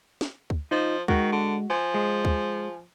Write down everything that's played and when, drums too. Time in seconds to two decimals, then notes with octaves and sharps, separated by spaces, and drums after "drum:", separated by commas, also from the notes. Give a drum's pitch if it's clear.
0.21 drum: snare
0.50 drum: kick D2
0.71 F3 D#4 F4
1.08 D#3 G#3 F#4, drum: kick D2
1.32 D3
1.70 F3 G#5
1.94 G#3
2.25 drum: kick D2